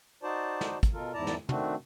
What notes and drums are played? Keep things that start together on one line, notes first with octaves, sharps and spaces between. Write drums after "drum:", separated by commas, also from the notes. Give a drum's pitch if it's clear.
D#4 F#4 C5 D5 A5
drum: snare
drum: kick, hi-hat
B2 F4 A4 A#4
E2 G#2 E4 D5 A5 A#5
drum: snare
D#3 A3 C4 D4 F#4, drum: tom